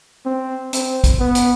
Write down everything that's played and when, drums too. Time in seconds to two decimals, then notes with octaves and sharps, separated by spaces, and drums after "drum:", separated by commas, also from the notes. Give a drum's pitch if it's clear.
0.26 C4
0.73 C4, drum: hi-hat
1.04 drum: kick, hi-hat
1.20 B3
1.35 drum: hi-hat